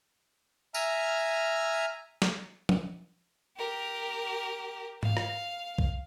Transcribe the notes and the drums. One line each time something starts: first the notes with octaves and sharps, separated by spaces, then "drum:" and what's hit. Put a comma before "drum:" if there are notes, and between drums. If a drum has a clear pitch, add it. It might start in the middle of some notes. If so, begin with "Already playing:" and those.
E5 G#5 A#5 F6, drum: tambourine
drum: snare
drum: tom F3
G4 A#4
F5, drum: tom G#2
drum: rim click
drum: kick B1